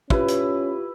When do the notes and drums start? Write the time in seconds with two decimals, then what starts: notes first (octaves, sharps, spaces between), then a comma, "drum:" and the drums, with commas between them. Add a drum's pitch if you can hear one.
0.10 C#4 E4 F4 G4 B4, drum: kick
0.28 drum: hi-hat